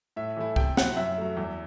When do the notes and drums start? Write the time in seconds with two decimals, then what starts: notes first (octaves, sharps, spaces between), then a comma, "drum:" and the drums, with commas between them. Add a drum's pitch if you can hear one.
0.16 A2 E5
0.36 E3 A3 E4
0.56 C3 G5, drum: kick
0.77 F#3 C4 E4 F#5, drum: snare
0.97 F#2 E5
1.18 F#3 A3
1.37 E2